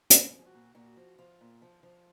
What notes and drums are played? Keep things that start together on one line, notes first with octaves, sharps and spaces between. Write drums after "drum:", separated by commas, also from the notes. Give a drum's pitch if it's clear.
A#2, drum: hi-hat
G#4
F3
G#4
F#4
A#2
A#2 F#4
F3
F3 F4
A#2
F3
F3